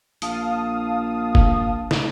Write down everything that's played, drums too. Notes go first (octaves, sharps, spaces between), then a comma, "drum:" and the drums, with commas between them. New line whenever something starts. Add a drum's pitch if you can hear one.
A#1 F5 A5 D#6, drum: hi-hat
drum: kick
drum: snare